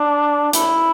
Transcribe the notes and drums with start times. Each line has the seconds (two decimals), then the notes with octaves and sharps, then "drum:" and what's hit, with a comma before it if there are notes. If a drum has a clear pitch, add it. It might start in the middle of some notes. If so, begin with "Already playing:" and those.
Already playing: D4
0.53 E4, drum: hi-hat